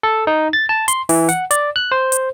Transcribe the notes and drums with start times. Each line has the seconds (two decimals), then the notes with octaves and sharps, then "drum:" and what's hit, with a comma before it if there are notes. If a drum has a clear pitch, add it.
0.03 A4
0.27 D#4
0.53 A6
0.69 A5
0.88 C6, drum: hi-hat
1.09 E3, drum: open hi-hat
1.29 F#5, drum: hi-hat
1.51 D5, drum: hi-hat
1.76 F#6
1.92 C5
2.12 drum: hi-hat